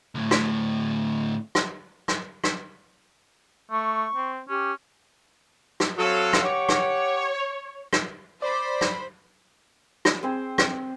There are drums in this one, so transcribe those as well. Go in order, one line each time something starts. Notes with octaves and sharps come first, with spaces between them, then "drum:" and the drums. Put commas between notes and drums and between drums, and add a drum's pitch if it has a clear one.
D2 A2
drum: rim click
drum: rim click
drum: rim click
drum: rim click
A3 C#6
C4
C#4 G4
drum: rim click
F#3 C4 A4 C#5 F5
drum: rim click
G4 C#5 F#5 D6
drum: rim click
drum: rim click
C5 D5 B5
drum: rim click
drum: rim click
C4 G#4 C5
drum: rim click